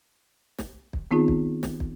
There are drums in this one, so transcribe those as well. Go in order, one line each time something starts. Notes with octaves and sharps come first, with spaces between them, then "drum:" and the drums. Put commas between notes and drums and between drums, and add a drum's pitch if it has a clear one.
drum: snare
drum: kick
D#3 B3 C4 D#4 F4 G#4
drum: kick
drum: snare
drum: kick